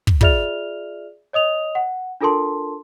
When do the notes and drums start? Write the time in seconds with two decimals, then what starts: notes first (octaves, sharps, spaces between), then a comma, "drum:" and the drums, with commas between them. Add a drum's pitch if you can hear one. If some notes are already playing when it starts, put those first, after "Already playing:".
0.07 drum: kick
0.21 F4 G#4 D5 E5 F6 F7, drum: kick
1.33 C#5 D#5 D#6 F7
1.75 F#5
2.21 D4 F4 A4 A#4 A5 C6